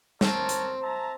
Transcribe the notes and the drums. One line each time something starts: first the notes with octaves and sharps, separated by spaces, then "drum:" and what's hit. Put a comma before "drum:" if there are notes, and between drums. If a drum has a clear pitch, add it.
C4 A#4 C#5 A5, drum: snare
drum: hi-hat
E5 A5 A#5